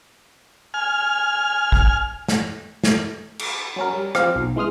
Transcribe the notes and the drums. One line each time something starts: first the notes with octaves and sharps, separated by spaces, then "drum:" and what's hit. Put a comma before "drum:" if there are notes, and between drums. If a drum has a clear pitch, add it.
G#5 F6
drum: kick
drum: snare
drum: snare
drum: cymbal
F#3 C#4 A#4
G3
F3 C4 F5, drum: rim click
B1
E3 G#3 C6 D#6 F6